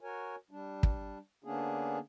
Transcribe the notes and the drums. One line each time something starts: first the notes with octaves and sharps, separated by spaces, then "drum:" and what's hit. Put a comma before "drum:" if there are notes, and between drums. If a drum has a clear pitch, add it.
F#4 A#4 C#5 G#5
G3 D4
drum: kick
D3 A#3 B3 C#4 D4 G#4